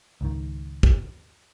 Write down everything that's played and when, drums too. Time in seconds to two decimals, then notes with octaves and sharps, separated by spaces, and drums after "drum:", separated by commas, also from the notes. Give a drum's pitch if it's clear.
0.21 C#2 G#2 D#3
0.83 drum: kick